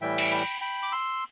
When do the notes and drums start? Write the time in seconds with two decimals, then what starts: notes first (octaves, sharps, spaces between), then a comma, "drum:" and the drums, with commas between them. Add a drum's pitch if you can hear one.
0.01 A2 E3 G3 E5 G5
0.18 drum: cymbal
0.31 G5 B5
0.48 drum: tambourine
0.61 G5 B5
0.83 D6
0.92 C6 E6